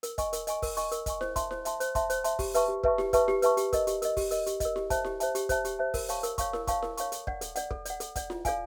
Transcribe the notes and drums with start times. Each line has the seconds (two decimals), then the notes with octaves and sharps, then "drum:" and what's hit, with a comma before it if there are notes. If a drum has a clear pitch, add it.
0.03 A#4, drum: hi-hat
0.18 D#5 G#5 C#6, drum: kick, hi-hat
0.33 A#4, drum: hi-hat
0.47 D#5 G#5 C#6, drum: hi-hat
0.62 A#4, drum: kick, open hi-hat
0.77 D#5 G#5 C#6, drum: hi-hat
0.91 A#4, drum: hi-hat
1.06 D#5 G#5 C#6, drum: kick, hi-hat
1.21 C5, drum: snare E4
1.36 E5 A5 C6, drum: kick, hi-hat
1.51 C5, drum: snare E4
1.65 E5 A5 C6, drum: hi-hat
1.80 C5, drum: hi-hat
1.95 E5 A5 C6, drum: kick, hi-hat
2.10 C5, drum: hi-hat
2.24 E5 A5 C6, drum: hi-hat
2.39 G4, drum: kick, open hi-hat
2.54 B4 E5 A5 C#6, drum: hi-hat
2.68 G4
2.84 B4 E5 A5 C#6, drum: kick
2.98 G4, drum: snare E4
3.13 B4 E5 A5 C#6, drum: kick, hi-hat
3.28 G4, drum: snare E4
3.42 B4 E5 A5 C#6, drum: hi-hat
3.57 G4, drum: hi-hat
3.73 A#4 D#5, drum: kick, hi-hat
3.87 G4, drum: hi-hat
4.02 A#4 D#5, drum: hi-hat
4.17 G4, drum: kick, open hi-hat
4.31 A#4 D#5, drum: hi-hat
4.46 G4, drum: hi-hat
4.60 A#4 D#5, drum: kick, hi-hat
4.76 G4, drum: snare E4
4.90 C5 E5 A5, drum: kick, hi-hat
5.04 G4, drum: snare E4
5.20 C5 E5 A5, drum: hi-hat
5.35 G4, drum: hi-hat
5.49 C5 E5 A5, drum: kick, hi-hat
5.65 G4, drum: hi-hat
5.79 C5 E5 A5
5.94 A#4, drum: kick, open hi-hat
6.09 C#5 F5 A5 C#6, drum: hi-hat
6.23 A#4, drum: hi-hat
6.38 C#5 F5 A5 C#6, drum: kick, hi-hat
6.53 A#4, drum: snare E4
6.67 C#5 F5 A5 C#6, drum: kick, hi-hat
6.82 A#4, drum: snare E4
6.97 C#5 F5 A5 C#6, drum: hi-hat
7.12 A4, drum: hi-hat
7.27 D5 F#5, drum: kick
7.41 A4, drum: hi-hat
7.56 D5 F#5, drum: hi-hat
7.71 A4, drum: kick
7.85 D5 F#5, drum: hi-hat
8.00 A4, drum: hi-hat
8.16 D5 F#5, drum: kick, hi-hat
8.30 F4, drum: snare E4
8.45 A4 D5 F5 G#5, drum: kick, hi-hat